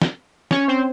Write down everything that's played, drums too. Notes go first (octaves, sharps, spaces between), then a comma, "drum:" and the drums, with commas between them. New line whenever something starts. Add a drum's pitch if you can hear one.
drum: snare
C#4 C#5, drum: snare
C4 C5